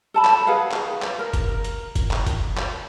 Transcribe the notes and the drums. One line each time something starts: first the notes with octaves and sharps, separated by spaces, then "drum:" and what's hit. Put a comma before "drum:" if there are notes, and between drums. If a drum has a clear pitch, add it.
A4 A5 B5
drum: clap
G#4 B4 F5 F#5
drum: clap
drum: clap
A#4
drum: kick, hi-hat
A#4
drum: hi-hat
drum: kick, hi-hat
drum: clap
drum: kick, hi-hat
drum: clap